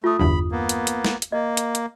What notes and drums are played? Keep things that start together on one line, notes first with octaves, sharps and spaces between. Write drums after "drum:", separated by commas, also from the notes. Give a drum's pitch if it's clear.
A3 F4 D#6
G1 E2 G2 B5
A#3 B3
drum: hi-hat
drum: hi-hat
drum: snare
drum: hi-hat
A#3 D#5
drum: hi-hat
drum: hi-hat